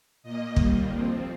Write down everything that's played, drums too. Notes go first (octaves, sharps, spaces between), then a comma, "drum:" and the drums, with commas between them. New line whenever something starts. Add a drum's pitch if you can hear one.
A#2 A#3 D#5
D#2 D#3 G3 A#3, drum: kick
F2 F3 C4